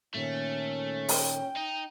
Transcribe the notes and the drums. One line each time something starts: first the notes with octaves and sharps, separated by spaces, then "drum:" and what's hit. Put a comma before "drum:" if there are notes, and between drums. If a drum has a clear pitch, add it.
A#2 D#3 A3 C#4
G5, drum: open hi-hat
D#4